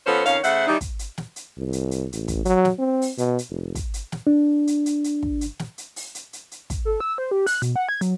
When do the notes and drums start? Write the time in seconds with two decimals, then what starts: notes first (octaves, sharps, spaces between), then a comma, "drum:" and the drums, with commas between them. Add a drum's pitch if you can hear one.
0.06 F3 B3 C#4 A4 B4 C5
0.25 F2 D#3 C#4 C#5 F5, drum: hi-hat
0.44 C#3 A3 C5 E5 F#5, drum: hi-hat
0.67 D#3 E3 G3 D#4
0.81 drum: kick, hi-hat
0.99 drum: hi-hat
1.18 drum: snare
1.36 drum: hi-hat
1.58 C2
1.73 drum: hi-hat
1.91 drum: hi-hat
2.13 A1, drum: hi-hat
2.28 drum: kick, hi-hat
2.45 F#3, drum: hi-hat
2.65 drum: snare
2.79 C4
3.02 drum: open hi-hat
3.18 B2, drum: hi-hat
3.38 drum: hi-hat
3.50 F1
3.75 drum: kick, hi-hat
3.94 drum: hi-hat
4.12 drum: snare
4.27 D4
4.67 drum: hi-hat
4.86 drum: hi-hat
5.04 drum: hi-hat
5.23 drum: kick
5.41 drum: hi-hat
5.59 drum: snare
5.78 drum: hi-hat
5.96 drum: open hi-hat
6.15 drum: hi-hat
6.33 drum: hi-hat
6.52 drum: hi-hat
6.70 drum: kick, hi-hat
6.85 A4
7.00 E6
7.18 C5
7.31 G4
7.47 F#6, drum: open hi-hat
7.62 B2, drum: hi-hat
7.76 F#5
7.89 G#6
8.01 F#3, drum: hi-hat